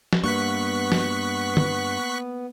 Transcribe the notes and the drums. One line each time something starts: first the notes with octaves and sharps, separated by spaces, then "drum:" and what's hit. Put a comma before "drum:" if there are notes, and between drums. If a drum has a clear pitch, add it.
drum: snare F3
G2 A#3 B3 C#6 F#6 B6
drum: snare F3
drum: tom D3